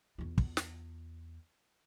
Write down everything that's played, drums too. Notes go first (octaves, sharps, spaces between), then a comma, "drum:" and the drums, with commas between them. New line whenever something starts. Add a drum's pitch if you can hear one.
E2 F4
drum: kick
drum: snare